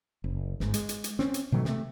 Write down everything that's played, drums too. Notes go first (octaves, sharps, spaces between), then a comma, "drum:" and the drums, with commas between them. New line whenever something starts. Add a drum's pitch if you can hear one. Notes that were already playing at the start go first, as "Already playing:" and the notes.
F#1
G1 G#2, drum: snare
G#3, drum: hi-hat
drum: hi-hat
drum: hi-hat
C4 C#4, drum: snare
drum: hi-hat
B2 D#3 F#3 A3
C3 A3, drum: snare